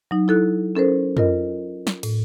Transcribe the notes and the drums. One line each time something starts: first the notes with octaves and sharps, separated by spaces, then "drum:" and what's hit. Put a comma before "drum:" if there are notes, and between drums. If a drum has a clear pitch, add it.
F#3 D#4
E4 A4 F#6
C#4 A4 A#4 C5
F4 A#4 D#5, drum: tom
drum: snare
A2, drum: cymbal